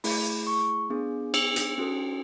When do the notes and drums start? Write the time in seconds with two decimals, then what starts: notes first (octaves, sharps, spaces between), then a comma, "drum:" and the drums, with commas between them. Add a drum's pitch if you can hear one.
0.04 A3 E4 G#4 B5, drum: open hi-hat
0.47 C#6
0.90 B3 D4 G#4
1.34 E6, drum: cymbal
1.56 drum: hi-hat
1.78 C#4 F#4 A4